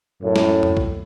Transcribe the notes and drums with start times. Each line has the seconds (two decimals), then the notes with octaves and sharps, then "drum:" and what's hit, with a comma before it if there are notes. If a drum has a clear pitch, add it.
0.22 F#2 A2
0.36 drum: snare
0.63 drum: tom F2
0.77 drum: kick